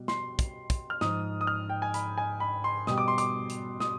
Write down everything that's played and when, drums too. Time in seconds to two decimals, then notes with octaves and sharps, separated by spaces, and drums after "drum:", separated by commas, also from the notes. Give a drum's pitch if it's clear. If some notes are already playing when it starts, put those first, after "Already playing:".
Already playing: B2 G3
0.08 C6, drum: snare
0.39 drum: kick, hi-hat
0.70 drum: kick, hi-hat
0.90 F6
1.01 G#2 F3 D#6, drum: snare
1.41 D#6
1.47 F6
1.70 G5
1.82 G#5
1.94 B5, drum: hi-hat
2.18 G#5
2.40 B5
2.64 C6
2.87 B2 G3 D#6, drum: snare
2.98 D6
3.08 C6
3.18 D6, drum: hi-hat
3.50 drum: hi-hat
3.80 D#6, drum: snare